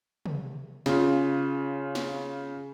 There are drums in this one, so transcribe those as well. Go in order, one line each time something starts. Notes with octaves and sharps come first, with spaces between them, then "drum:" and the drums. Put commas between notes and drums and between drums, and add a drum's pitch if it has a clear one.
drum: tom
C#3 F4, drum: snare
drum: snare